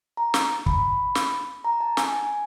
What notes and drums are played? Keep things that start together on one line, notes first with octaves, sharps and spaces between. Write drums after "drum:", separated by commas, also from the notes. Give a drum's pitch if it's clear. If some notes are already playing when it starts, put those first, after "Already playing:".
A#5
drum: snare
B5, drum: kick
drum: snare
A#5
A5
G#5, drum: snare
G#5